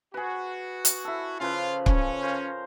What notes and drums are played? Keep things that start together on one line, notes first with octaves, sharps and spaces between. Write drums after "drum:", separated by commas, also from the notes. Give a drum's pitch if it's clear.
F#4 G#4 B4
drum: hi-hat
E4 A4
C#3 F3 F4 B4 F5
C#3 C#4, drum: kick C#1
A#4 C5